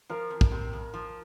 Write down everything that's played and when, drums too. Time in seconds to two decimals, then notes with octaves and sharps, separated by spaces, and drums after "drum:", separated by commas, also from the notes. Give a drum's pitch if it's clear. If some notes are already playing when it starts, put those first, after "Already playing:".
0.09 F3 A#4
0.30 F2
0.41 drum: kick
0.52 C3
0.73 F2
0.94 F3